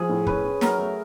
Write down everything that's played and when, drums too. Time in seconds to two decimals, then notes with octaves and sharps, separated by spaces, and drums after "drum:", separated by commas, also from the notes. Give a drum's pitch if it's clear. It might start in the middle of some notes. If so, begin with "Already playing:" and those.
Already playing: F3 G#4
0.09 A2
0.27 C#4 B4, drum: kick
0.44 C#4
0.61 F#3 A#4, drum: snare
0.79 A3